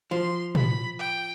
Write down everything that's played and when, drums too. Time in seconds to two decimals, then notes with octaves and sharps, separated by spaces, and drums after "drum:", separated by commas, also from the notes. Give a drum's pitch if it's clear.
0.11 F3 C6
0.55 B5, drum: tom
0.99 G5